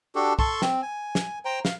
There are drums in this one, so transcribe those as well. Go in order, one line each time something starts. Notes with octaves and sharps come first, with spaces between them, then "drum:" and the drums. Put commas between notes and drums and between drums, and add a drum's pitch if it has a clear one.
D4 F#4 G4 A4
A4 A5 C6 C#6, drum: kick
C4, drum: snare
G#5
drum: snare
C5 G5 A#5
F5, drum: snare